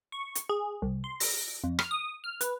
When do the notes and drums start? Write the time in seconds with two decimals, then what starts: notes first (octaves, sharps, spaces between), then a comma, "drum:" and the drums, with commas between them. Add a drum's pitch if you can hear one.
0.12 C#6
0.35 drum: hi-hat
0.49 G#4
0.82 C2
1.04 C6
1.20 A#6, drum: open hi-hat
1.64 F2
1.79 F6, drum: rim click
1.91 D#6
2.24 F6
2.41 B4, drum: hi-hat